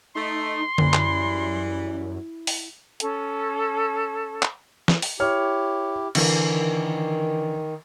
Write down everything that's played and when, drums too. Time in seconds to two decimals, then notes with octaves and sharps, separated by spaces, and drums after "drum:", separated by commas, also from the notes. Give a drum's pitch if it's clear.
0.15 A3 D#4 C6
0.78 F#2 E3 G3 E4, drum: tom D3
0.94 drum: clap
2.47 drum: open hi-hat
3.00 C#4 A4, drum: hi-hat
4.43 drum: clap
4.88 drum: snare
5.02 drum: open hi-hat
5.20 E4 G4 C#5 F6
6.15 D3 E3 A#4, drum: cymbal
6.47 D#3